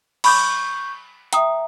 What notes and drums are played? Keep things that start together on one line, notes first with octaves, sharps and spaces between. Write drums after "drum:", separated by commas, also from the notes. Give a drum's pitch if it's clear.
B5 C#6 D6 G6, drum: cymbal
E5 G5 A#5 D#6, drum: hi-hat